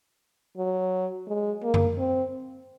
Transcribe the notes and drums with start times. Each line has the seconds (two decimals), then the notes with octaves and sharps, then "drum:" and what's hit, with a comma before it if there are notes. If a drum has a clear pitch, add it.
0.57 F#3
1.28 G#3
1.63 A#3
1.74 drum: tom F#2
1.98 C4